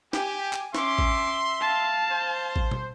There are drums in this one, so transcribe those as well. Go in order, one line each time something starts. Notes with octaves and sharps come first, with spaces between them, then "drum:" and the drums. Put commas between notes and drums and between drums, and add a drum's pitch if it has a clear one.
G4 G#5, drum: snare
drum: clap
C#4 E5 C6 D6, drum: snare
drum: kick A1
F5 A5
C5
drum: kick A1
drum: tom B2